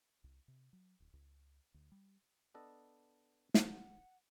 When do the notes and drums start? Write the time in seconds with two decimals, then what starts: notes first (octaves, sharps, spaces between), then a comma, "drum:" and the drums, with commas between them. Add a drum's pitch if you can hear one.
0.24 C2
0.48 C3
0.73 F#3
1.00 D1
1.13 C#2
1.74 D2
1.92 G3
2.54 B3 D4 A4 D#5
3.54 drum: snare
3.65 F#5